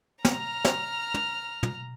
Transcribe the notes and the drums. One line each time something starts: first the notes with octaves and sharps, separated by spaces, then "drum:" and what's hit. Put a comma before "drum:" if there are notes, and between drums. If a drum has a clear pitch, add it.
A#5 F6, drum: snare
drum: snare
drum: tom
drum: tom